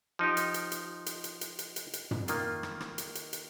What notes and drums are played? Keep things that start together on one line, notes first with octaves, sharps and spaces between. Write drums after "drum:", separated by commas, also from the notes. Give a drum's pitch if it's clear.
F3 D#4 G4
drum: hi-hat
drum: hi-hat
drum: hi-hat
drum: hi-hat
drum: hi-hat
drum: hi-hat
drum: hi-hat
drum: hi-hat
drum: hi-hat
drum: tom
D#3 A#3 F4, drum: hi-hat
drum: rim click
drum: rim click
drum: hi-hat
drum: hi-hat
drum: hi-hat